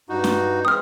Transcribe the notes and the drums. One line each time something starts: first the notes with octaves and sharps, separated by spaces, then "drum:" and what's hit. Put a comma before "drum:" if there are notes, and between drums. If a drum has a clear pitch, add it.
G2 D#4 F#4
drum: snare
E3 G#3 C4 D#6 F6